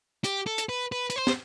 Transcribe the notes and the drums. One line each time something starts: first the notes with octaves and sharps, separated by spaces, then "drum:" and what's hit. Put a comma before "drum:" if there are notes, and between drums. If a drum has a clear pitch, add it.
G4, drum: hi-hat
A4
drum: hi-hat
B4
B4
B4, drum: hi-hat
C5
drum: snare